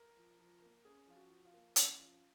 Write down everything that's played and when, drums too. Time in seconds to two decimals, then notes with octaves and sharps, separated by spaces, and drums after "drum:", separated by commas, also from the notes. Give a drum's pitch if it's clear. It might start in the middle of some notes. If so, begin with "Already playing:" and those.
Already playing: A#4
0.17 F3
0.39 F3
0.62 A#3
0.85 C#4 G#4
1.07 F3 F4
1.15 F#4
1.30 F3
1.45 F4
1.54 A#3
1.76 C#4, drum: hi-hat
1.99 F3